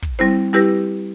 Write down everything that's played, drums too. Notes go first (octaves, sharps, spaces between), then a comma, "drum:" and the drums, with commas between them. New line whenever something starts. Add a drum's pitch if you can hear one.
drum: kick
G3 C4 E4 C5
G3 E4 G4 B4 E6 A#6